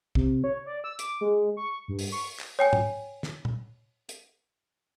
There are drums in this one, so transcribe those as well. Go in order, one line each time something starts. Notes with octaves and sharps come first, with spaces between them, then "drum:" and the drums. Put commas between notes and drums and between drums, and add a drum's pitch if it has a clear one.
C3, drum: kick
C#5
D5
E6
D6, drum: hi-hat
G#3
C#6
G2
drum: open hi-hat
C#6
drum: clap
C#5 G5 G#5
drum: tom G#2
drum: snare
drum: tom A#2
drum: hi-hat